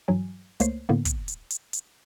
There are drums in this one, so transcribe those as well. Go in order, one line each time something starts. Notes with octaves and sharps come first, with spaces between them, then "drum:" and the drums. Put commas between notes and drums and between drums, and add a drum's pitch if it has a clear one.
G2 E3 F#3 G#5
C#2 A3 A#3 C5 C#5 C7, drum: hi-hat
A2 D3 A#3 B3
drum: kick, hi-hat
drum: hi-hat
drum: hi-hat
drum: hi-hat